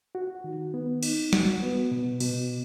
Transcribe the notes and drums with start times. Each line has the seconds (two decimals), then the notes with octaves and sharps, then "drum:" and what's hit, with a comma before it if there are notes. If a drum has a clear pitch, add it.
0.15 F#4
0.44 D#3
0.74 B3
1.03 D#4, drum: cymbal
1.33 F#4, drum: snare
1.62 B3
1.92 B2
2.20 B2, drum: cymbal